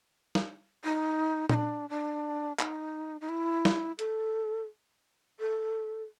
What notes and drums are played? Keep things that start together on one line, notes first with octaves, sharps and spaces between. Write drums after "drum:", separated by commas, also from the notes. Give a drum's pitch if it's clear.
drum: snare
D#4
D#4, drum: tom A#2
D4
D4
D#4, drum: clap
D#4
E4
drum: snare
A4, drum: hi-hat
A4